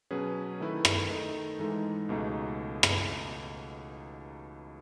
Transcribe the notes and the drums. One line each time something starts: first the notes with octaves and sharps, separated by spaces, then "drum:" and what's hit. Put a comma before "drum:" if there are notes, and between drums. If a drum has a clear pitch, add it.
B2 F#3 C#4 G#4 B4
D#3 A3 E4 B4
drum: rim click
D#3 A3 D#4 A4
G#2 E3 G#3 D#4 A4
C#2 B2 A3 D#4 G#4
drum: rim click